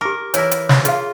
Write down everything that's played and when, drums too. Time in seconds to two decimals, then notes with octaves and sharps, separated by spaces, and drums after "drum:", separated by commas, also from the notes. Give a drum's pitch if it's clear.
0.01 G4 A#4 D6
0.34 E3 E4 A#4 C#5, drum: hi-hat
0.51 drum: hi-hat
0.69 drum: snare
0.85 F4 G#4 F5, drum: hi-hat